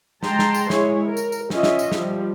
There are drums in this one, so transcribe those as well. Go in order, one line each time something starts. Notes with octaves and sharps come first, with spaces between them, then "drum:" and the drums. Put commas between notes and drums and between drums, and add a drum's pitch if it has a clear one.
G#3 G5 A5 A#5 C6, drum: snare
drum: snare
drum: tambourine
G#3 E4 G#4 C#5, drum: snare
A#4
drum: tambourine
drum: tambourine
C#4 F4 D#5 E5, drum: snare
drum: snare
drum: tambourine
F3 G3, drum: snare